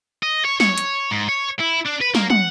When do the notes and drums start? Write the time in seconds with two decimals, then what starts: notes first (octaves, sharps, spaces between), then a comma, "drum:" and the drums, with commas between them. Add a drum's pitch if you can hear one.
0.23 D#5
0.45 C#5
0.60 C#5, drum: snare
0.78 drum: hi-hat
1.11 G#2
1.29 C#5
1.60 E4
1.86 D4
2.01 B4
2.15 A#3, drum: snare
2.30 F#5, drum: tom